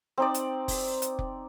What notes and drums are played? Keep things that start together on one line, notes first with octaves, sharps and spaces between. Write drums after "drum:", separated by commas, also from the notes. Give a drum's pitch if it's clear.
C4 D#4 D5
drum: hi-hat
drum: kick F1, open hi-hat
drum: hi-hat
drum: kick F1